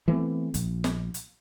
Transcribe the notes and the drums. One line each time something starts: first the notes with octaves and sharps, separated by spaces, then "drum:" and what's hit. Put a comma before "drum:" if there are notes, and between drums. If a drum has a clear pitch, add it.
E3 A3 B3 C4
A#1, drum: kick, hi-hat
drum: snare
drum: hi-hat